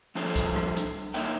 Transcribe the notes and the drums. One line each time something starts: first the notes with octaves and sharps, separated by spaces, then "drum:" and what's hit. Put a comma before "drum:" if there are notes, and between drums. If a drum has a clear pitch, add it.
F3 G3 D4 A4 C5 C#5
drum: kick C2, hi-hat
drum: rim click
drum: hi-hat
A#3 D#4 A#4 C#5 E5 G5